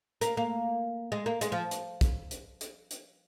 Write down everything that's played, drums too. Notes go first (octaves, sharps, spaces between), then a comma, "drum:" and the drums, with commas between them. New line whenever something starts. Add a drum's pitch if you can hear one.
A#3, drum: hi-hat
A#3
G#3
A#3
G#3, drum: hi-hat
F3
drum: hi-hat
drum: kick, hi-hat
drum: hi-hat
drum: hi-hat
drum: hi-hat